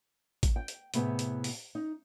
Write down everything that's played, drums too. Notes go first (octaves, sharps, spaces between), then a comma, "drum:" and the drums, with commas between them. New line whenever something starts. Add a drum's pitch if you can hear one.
drum: kick A1, hi-hat
G5
drum: hi-hat
A2 C3 B3 G#4, drum: hi-hat
drum: hi-hat
drum: open hi-hat
D#4